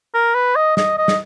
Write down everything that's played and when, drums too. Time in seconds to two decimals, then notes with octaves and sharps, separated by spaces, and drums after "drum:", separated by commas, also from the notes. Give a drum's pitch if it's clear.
0.14 A#4
0.35 B4
0.56 D#5
0.77 D#5, drum: snare
0.98 D#5
1.08 drum: snare